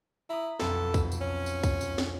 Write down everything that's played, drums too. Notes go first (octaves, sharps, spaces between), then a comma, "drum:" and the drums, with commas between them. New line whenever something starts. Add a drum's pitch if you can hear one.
E4 A#5 D#6
B1 F2 A4 B5, drum: snare
drum: kick, tambourine
drum: tambourine
C#4
drum: tambourine
drum: kick, tambourine
drum: tambourine
drum: snare